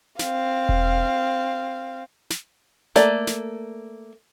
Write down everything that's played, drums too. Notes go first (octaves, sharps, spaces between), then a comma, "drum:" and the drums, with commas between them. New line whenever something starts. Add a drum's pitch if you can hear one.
C4 F5, drum: snare
drum: kick E1
drum: snare
A3 A#3 D5, drum: snare
drum: snare